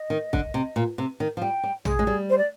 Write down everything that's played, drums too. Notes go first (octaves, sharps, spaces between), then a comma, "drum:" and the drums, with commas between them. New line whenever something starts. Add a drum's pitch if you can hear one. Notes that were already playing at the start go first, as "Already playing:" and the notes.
Already playing: D#5
D#3
D3, drum: kick
C3
A#2
C3
D#3
F3
G3 G5
G3
G#3 G#4, drum: tom A#1
G#3
G3
C5
D5